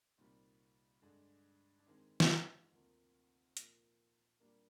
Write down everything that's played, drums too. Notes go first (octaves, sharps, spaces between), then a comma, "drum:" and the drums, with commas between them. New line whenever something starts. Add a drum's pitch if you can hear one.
C2 A#2 G3 A#3 C4 D#4
G2 D3 G#3 D4
D4
F2 D#3 G#3 C4 D#4
drum: snare
D2 C3 F3 A#3
A#2 F3 A#3, drum: hi-hat
A#2 G3 A#3 D4